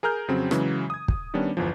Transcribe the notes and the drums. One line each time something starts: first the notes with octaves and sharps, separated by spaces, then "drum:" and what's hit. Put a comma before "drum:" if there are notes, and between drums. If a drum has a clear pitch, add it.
G#4 A#4 A#5 F6 G6
F2 C#3 F#3 C4
C#3 E3 F#3 G#3, drum: rim click
D#6 G#6
drum: kick
D#3 G3 B3 C#4 D4
G1 E2 F3